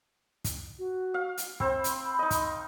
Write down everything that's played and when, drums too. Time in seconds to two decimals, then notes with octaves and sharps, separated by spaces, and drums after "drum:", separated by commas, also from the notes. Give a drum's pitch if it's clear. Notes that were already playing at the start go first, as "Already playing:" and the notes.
0.44 drum: kick, hi-hat
0.79 F#4
1.14 F5
1.38 drum: hi-hat
1.60 C4 C5 B5, drum: kick
1.84 drum: hi-hat
2.19 D#4 D#5
2.31 drum: kick, hi-hat